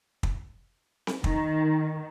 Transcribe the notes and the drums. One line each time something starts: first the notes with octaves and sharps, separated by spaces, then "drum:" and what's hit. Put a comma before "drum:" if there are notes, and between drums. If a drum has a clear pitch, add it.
drum: kick
drum: snare C4
D#3, drum: kick